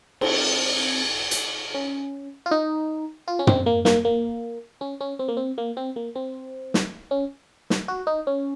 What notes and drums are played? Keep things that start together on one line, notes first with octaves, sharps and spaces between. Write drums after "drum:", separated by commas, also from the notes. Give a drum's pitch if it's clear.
C4, drum: cymbal
drum: hi-hat
C#4
F4
D#4
F4
C#4
C4, drum: tom
A#3
A#3, drum: snare
A#3
C#4
C#4
C4
A#3
C4
A#3
C4
A#3
C4
drum: snare
C#4
drum: snare
F#4
D#4
C#4